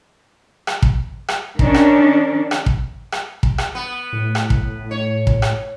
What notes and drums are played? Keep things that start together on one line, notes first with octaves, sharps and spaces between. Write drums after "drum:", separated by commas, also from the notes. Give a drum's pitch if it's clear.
drum: rim click
drum: kick
drum: rim click
D#3 C#4 D4, drum: kick
drum: rim click
drum: rim click
drum: kick
drum: rim click
drum: kick
drum: rim click
B3
A2
drum: rim click
drum: kick
C#5
drum: kick
drum: rim click